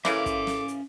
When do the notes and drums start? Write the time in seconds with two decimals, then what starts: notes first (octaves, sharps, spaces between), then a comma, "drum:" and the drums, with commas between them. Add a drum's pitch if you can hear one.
0.05 C#3 E3 A#3 C#4 A4 E5 D6, drum: snare
0.26 drum: kick, hi-hat
0.47 drum: snare
0.68 drum: hi-hat